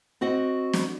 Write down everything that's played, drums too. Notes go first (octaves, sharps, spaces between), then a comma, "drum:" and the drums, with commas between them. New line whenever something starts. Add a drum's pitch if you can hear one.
C4 F#4 D#5 F#5
drum: snare